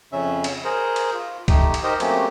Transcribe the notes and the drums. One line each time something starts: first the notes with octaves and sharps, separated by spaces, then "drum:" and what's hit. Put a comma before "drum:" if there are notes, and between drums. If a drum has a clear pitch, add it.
F2 C#3 C#4 E5
drum: cymbal
G#4 A#4 C5
drum: cymbal
F4
A3 D#4 G4, drum: kick, cymbal
drum: cymbal
D#4 G4 A#4 C5 D#5
F#3 A3 A#3 C4 C#4 G4, drum: cymbal